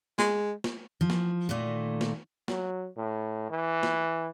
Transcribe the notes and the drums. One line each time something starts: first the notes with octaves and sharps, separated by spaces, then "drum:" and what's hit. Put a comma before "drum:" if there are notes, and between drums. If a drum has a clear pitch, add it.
G#3, drum: snare
drum: snare
F3
drum: snare
A#2 D#3 A3
drum: snare
F#3, drum: snare
A2
E3
drum: snare